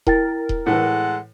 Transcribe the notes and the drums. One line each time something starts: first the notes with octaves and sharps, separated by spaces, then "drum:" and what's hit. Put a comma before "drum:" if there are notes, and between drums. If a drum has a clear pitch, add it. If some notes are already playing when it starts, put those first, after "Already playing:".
E4 A#4 G5 A6, drum: kick D#1
drum: kick D#1
A2 E3 G#3 A4 F#5